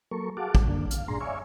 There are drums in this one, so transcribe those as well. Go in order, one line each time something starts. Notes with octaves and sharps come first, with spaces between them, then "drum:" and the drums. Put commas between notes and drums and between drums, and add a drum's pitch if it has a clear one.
F#3 A#3 A4 A#4 C#6
F#4 G#4 F5 F#5 A5 D6
drum: kick
F#2 D3 A#3 D4
F5, drum: hi-hat
G2 A#2 D4 G#4 A#5 C6
C#5 D5 E5 F5 G#5 C#6